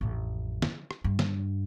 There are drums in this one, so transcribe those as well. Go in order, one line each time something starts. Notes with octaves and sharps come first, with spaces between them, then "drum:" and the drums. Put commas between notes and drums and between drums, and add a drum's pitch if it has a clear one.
A1 F2
drum: snare
drum: rim click
G2
drum: snare